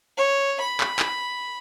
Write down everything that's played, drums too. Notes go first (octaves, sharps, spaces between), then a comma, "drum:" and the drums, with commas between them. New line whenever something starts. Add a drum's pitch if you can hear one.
C#5
B5
drum: clap
drum: clap